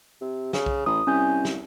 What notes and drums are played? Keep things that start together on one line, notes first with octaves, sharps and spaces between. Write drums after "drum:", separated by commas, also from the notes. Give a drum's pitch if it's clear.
C3
C#3, drum: snare
drum: kick B1
A1 D#6
C2 C#4 G#5 G6
drum: snare